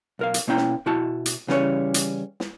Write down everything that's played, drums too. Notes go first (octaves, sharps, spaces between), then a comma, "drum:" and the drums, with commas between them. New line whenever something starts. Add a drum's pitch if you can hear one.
B1 A#4 F5
drum: hi-hat
B2 A#3 C#4 E4 G5 A#5
drum: snare
B2 E4 F#4 A5
drum: hi-hat
C#3 E3 G3 C#4 A4 C#5, drum: snare
drum: hi-hat
drum: snare